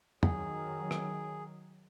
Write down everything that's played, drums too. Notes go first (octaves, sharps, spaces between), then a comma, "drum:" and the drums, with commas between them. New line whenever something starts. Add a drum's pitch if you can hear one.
D#3 F#3 G#4, drum: tom
drum: rim click